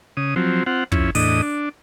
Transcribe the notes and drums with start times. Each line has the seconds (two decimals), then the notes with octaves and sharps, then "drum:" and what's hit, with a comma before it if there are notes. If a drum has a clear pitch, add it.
0.17 C#3 D#6
0.36 F3 F#3 C4
0.66 C4 F4 F#5
0.92 F2 C#4 E4, drum: kick
1.15 E2 A2 D4 D#5 D#6, drum: open hi-hat
1.42 D4